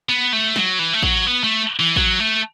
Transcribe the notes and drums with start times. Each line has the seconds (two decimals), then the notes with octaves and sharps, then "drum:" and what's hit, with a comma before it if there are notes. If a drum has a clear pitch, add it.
0.09 B3
0.33 A3
0.56 F#3, drum: snare
0.79 E3
0.94 A3
1.03 F#3, drum: kick A1
1.27 B3
1.44 A3
1.80 E3
1.96 F#3, drum: kick A1
2.20 A3